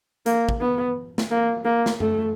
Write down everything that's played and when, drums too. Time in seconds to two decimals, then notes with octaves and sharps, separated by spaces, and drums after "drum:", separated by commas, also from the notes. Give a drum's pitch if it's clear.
0.26 A#3, drum: hi-hat
0.49 drum: kick
0.61 B3
1.18 drum: snare
1.31 A#3
1.65 A#3
1.86 drum: snare
2.00 A3, drum: tom F#2